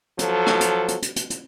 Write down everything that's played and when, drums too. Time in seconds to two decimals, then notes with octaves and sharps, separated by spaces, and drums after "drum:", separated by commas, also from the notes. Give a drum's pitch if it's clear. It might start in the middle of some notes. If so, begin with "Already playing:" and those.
0.19 F3 F#3 A4, drum: hi-hat
0.47 drum: rim click
0.61 drum: hi-hat
0.88 drum: hi-hat
1.02 drum: hi-hat
1.16 drum: hi-hat
1.30 drum: hi-hat